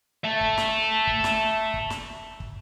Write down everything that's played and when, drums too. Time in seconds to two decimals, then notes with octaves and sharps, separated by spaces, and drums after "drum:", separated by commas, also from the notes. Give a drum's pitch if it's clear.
0.24 E5 A5
0.41 drum: kick
0.58 drum: snare
1.07 drum: kick
1.24 drum: snare
1.74 drum: kick
1.90 drum: snare
2.40 drum: kick